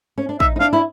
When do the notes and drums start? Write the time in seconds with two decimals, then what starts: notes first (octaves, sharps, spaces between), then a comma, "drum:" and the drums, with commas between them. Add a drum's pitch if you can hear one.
0.18 C#4
0.29 D4
0.40 D#4 E5, drum: kick
0.56 D#4
0.60 D4 F5
0.73 E4